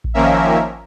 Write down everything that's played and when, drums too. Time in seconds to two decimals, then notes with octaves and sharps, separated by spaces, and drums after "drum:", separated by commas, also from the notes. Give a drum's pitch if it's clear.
0.04 drum: kick A1
0.14 D#3 F3 A#3 C#4 A#4 E5